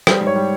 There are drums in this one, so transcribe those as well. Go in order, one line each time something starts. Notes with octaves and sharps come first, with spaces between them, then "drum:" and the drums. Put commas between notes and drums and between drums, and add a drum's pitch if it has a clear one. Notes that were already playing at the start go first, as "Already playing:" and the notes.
G3 C5, drum: rim click
G#2
C#5
G3